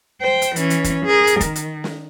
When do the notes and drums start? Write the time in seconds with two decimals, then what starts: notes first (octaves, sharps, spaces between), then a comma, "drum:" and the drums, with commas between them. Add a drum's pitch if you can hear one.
0.22 C5 G5
0.42 drum: hi-hat
0.56 E3 C#4, drum: hi-hat
0.70 drum: hi-hat
0.84 drum: kick F1, hi-hat
1.06 G#4 A#4
1.27 drum: hi-hat
1.41 D#3, drum: kick F1, hi-hat
1.56 drum: hi-hat
1.84 drum: snare